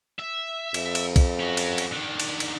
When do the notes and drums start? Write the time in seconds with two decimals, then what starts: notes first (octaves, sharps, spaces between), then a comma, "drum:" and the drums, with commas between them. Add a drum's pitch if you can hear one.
0.19 E5
0.74 F2, drum: cymbal
0.95 drum: cymbal
1.16 drum: kick, cymbal
1.40 C#4 F#4
1.57 drum: cymbal
1.78 drum: cymbal
1.93 D3 D#3
2.20 drum: cymbal
2.40 drum: cymbal